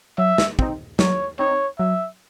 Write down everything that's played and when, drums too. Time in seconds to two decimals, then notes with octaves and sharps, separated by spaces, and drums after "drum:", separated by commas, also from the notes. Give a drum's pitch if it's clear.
0.18 F#3 E5
0.38 drum: snare
0.59 C4 D#4, drum: kick
0.99 F#3 C#5, drum: snare
1.39 C4 D#4 C#5
1.79 F#3 E5